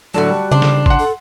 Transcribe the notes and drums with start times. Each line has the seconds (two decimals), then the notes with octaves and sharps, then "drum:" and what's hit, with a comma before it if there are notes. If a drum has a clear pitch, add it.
0.14 A2 D3 F#3 F#4 D5 A5
0.30 G3
0.51 C#3 D4 C5
0.62 drum: snare
0.86 F#5 C6, drum: kick
0.99 A4